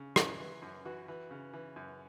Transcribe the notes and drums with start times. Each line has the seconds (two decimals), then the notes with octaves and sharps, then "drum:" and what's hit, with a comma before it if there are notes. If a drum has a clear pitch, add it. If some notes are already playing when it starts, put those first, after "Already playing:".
Already playing: C#3
0.16 E3 C#4, drum: rim click
0.40 E3
0.62 F#2
0.85 E3 F#4
1.08 E3
1.31 C#3
1.53 E3
1.76 F#2